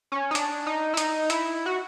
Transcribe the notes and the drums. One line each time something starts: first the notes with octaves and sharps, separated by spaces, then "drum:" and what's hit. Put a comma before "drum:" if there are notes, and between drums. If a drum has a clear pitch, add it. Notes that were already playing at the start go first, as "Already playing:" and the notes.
C#4
D#4
D4, drum: hi-hat
D#4
E4
D#4, drum: hi-hat
E4, drum: hi-hat
F#4